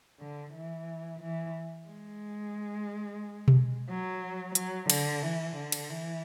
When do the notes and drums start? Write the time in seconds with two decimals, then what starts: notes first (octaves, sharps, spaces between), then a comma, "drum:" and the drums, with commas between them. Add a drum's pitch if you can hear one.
0.20 D3
0.54 E3
1.20 E3
1.88 G#3
3.48 drum: tom B2
3.89 F#3
4.55 F#3, drum: hi-hat
4.90 D3, drum: cymbal
5.23 E3
5.57 D3
5.72 drum: cymbal
5.90 E3